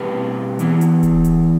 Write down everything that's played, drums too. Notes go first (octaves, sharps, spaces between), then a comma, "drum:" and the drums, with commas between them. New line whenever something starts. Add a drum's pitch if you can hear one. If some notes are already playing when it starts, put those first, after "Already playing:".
Already playing: B2 G3 C4 E4 G4 B4
E3 B3 E4, drum: hi-hat
drum: hi-hat
drum: kick D#1, hi-hat
drum: hi-hat